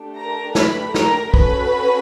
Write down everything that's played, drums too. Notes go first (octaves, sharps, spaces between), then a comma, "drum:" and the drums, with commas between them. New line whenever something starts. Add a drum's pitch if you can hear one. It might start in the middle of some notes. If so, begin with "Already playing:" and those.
Already playing: A3 D4 G4
A#4 A#5
B4 B5, drum: snare
A#4 A#5, drum: snare
C#4 F#4 A4 B4 B5, drum: kick